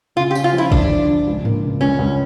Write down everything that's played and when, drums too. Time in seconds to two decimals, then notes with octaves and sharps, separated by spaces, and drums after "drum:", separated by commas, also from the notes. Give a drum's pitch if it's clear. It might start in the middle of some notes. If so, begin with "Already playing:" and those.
0.16 C#3 F4
0.31 G4
0.35 C#4, drum: tambourine
0.44 F4
0.53 F3
0.58 E4
0.71 D3 D4, drum: kick
0.90 D3
1.08 F3
1.27 C#2
1.45 A#3, drum: tom G#2
1.63 C#3
1.81 C#2 C#4
1.99 C#2